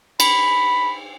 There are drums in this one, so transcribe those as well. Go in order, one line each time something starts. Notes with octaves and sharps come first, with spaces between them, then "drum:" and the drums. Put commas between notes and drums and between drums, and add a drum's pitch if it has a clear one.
B5, drum: cymbal